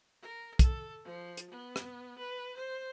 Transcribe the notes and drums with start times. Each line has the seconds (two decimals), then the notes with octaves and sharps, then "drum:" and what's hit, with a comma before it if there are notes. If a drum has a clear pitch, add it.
0.22 A#4
0.59 A4, drum: kick, hi-hat
1.04 F3
1.37 drum: hi-hat
1.50 B3
1.76 drum: rim click
2.18 B4
2.57 C5